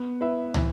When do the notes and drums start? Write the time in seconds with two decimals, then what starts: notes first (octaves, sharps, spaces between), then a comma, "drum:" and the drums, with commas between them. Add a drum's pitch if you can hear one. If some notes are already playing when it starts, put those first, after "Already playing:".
Already playing: B3
0.21 E4 B4 E5
0.54 E3, drum: tom